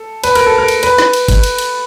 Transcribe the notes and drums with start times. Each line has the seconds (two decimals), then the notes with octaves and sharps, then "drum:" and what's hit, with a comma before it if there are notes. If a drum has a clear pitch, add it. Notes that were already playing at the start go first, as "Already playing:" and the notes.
Already playing: A4
0.24 B4, drum: cymbal
0.35 A#4, drum: cymbal
0.46 A4
0.58 A#4
0.68 drum: cymbal
0.83 B4, drum: cymbal
0.98 drum: snare
1.13 drum: cymbal
1.28 drum: kick G#1, cymbal
1.43 drum: cymbal
1.58 drum: cymbal